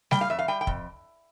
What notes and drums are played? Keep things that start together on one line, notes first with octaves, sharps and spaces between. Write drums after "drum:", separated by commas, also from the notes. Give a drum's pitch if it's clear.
G3 G5, drum: snare G3
F5
F2 E5
F5
G3 G5
G5
F2, drum: kick